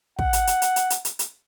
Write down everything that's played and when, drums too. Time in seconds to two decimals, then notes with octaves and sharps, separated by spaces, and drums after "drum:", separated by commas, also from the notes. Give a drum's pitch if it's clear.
0.19 F#5, drum: kick
0.33 drum: hi-hat
0.47 drum: hi-hat
0.62 drum: hi-hat
0.76 drum: hi-hat
0.90 drum: hi-hat
1.05 drum: hi-hat
1.19 drum: hi-hat